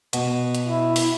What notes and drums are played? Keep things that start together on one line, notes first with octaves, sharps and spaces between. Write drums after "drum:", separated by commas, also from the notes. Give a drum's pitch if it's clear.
B2, drum: hi-hat
drum: hi-hat
E4
drum: open hi-hat